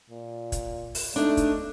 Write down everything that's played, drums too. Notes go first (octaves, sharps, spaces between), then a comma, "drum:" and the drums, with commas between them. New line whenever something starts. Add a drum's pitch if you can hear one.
A#2
drum: kick, hi-hat
drum: open hi-hat
A3 D4 D#4
drum: kick, hi-hat